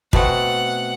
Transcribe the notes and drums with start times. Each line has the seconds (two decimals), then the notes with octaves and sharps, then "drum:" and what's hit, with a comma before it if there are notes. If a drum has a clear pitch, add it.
0.13 B2 A3 C4 F#5, drum: kick